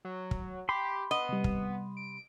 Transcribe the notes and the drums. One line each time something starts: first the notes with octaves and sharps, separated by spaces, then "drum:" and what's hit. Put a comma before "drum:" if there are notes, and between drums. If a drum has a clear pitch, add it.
F#3
drum: kick
G4 B5 C6
B3 D#5
C3 G3
drum: kick
D7